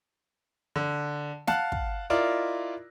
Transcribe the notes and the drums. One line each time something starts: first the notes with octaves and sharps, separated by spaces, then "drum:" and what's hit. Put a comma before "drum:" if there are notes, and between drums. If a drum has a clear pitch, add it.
D3
F5 F#5 A5 F#6, drum: snare
drum: kick
E4 F4 A#4 D5 D#5